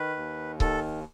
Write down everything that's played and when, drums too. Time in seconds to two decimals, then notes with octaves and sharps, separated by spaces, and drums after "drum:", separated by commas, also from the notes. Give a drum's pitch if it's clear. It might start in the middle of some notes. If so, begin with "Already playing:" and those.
Already playing: D#3 B4
0.16 D#2
0.60 D#3 A4, drum: kick C#1